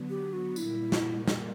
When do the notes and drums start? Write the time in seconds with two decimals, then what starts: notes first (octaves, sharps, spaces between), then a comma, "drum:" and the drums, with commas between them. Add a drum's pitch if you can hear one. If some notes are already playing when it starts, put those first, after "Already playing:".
Already playing: D3 F#3 B3
0.10 G4
0.33 F#4
0.56 A#2 G3 A#3 E4, drum: tambourine
0.92 drum: snare
1.28 drum: snare